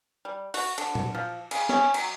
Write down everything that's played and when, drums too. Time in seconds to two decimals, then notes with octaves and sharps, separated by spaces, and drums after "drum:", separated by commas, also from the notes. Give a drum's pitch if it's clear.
0.25 G3
0.54 F#4, drum: open hi-hat
0.78 D3, drum: cymbal
0.95 drum: tom A#2
1.15 F3
1.51 C#3, drum: cymbal
1.69 C#4, drum: snare
1.94 F#3, drum: cymbal